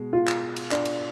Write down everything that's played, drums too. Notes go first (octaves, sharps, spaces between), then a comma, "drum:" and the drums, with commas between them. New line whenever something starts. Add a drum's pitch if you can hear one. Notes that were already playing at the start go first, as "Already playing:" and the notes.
Already playing: B2 G#3
F4
drum: clap
drum: cymbal
D4, drum: clap
drum: cymbal